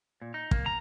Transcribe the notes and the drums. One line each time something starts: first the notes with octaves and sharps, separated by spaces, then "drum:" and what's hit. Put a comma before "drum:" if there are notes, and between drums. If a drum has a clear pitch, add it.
A#2
D#4
A#3, drum: kick
A#5